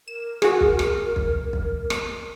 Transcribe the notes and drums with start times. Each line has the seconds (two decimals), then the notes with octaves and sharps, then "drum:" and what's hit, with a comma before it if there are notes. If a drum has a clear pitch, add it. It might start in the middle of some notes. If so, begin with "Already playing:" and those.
0.08 A#4 E7
0.42 F#4 G#4, drum: rim click
0.60 drum: kick
0.79 drum: rim click
1.16 drum: kick
1.53 drum: kick
1.90 drum: rim click